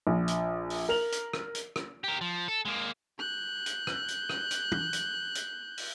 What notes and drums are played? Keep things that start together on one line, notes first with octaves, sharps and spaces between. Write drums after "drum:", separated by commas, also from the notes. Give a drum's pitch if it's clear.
A#1
drum: hi-hat
drum: open hi-hat
A#4 F7 F#7
drum: hi-hat
drum: rim click
drum: hi-hat
drum: rim click
G4 A#4
F3
A4
G#3 A#3
F#6 G6
drum: hi-hat
drum: rim click
drum: hi-hat
drum: rim click
drum: hi-hat
drum: tom E3
drum: hi-hat
drum: hi-hat
drum: open hi-hat